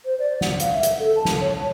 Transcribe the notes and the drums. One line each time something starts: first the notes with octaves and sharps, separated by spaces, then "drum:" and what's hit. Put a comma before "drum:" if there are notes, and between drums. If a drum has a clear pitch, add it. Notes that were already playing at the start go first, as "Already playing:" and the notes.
C5
D5
F#5, drum: snare
F5, drum: hi-hat
E5
drum: hi-hat
A4
A5
drum: snare
C#5
A5